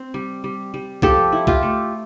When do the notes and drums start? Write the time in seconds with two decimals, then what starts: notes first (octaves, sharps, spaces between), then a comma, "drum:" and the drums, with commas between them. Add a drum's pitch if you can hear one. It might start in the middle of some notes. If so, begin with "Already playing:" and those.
Already playing: C4
0.14 G3
0.44 G3
0.74 G3
1.02 F3 G4 A4, drum: kick C2
1.32 E4
1.47 F4 G4, drum: kick C2
1.62 A3